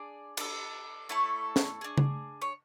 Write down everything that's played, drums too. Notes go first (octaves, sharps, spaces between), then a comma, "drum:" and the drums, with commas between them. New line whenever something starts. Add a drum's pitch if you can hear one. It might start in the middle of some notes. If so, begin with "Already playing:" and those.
Already playing: D4 G#4 D5
D4 A4, drum: cymbal
A3 E4 A4 C#5
drum: snare
D4 G#4
drum: tom C#3
C#5